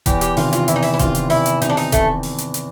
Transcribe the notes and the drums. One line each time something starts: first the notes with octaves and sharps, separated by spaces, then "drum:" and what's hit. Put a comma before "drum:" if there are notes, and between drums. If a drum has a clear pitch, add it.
E2 G4, drum: kick E1, hi-hat
G4, drum: hi-hat
C3 D#3 F4, drum: open hi-hat
F4, drum: hi-hat
E2 E4, drum: hi-hat
D#4
E4, drum: open hi-hat
E4
C3 D#3 F4, drum: kick E1, hi-hat
drum: hi-hat
E2 E4, drum: open hi-hat
drum: hi-hat
C3 D#3 D#4, drum: hi-hat
D4
D#4, drum: open hi-hat
A3, drum: kick E1, hi-hat
drum: open hi-hat
drum: hi-hat
drum: hi-hat